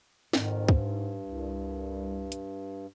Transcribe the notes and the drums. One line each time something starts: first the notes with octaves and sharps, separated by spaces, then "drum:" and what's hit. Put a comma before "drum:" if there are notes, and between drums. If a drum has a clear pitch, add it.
F2 G#2 D#3, drum: snare
G2, drum: kick
C2
drum: hi-hat